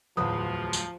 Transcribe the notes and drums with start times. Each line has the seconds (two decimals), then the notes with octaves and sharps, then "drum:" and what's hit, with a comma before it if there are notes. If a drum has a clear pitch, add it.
0.17 D1 E2 A2 F3 F#3 B4 D#6
0.73 drum: tambourine